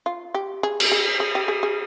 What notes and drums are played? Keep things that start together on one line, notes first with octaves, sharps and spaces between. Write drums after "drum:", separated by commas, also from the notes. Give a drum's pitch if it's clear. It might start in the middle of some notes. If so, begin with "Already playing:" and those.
F4
G4
G#4
drum: cymbal
G#4
G#4
G4
G#4
G#4